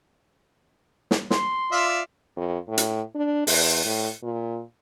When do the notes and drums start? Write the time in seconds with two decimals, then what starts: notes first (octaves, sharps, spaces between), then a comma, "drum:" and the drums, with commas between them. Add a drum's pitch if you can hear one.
1.11 drum: snare
1.30 C6, drum: snare
1.72 F4 D5 E5
2.37 F2
2.68 A2
2.78 drum: hi-hat
3.15 D4
3.47 E2, drum: open hi-hat
3.85 A2
4.23 A#2